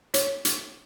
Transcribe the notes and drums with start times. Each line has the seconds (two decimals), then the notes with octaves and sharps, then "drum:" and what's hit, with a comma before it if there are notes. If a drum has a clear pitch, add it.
0.14 C#5, drum: hi-hat
0.45 drum: hi-hat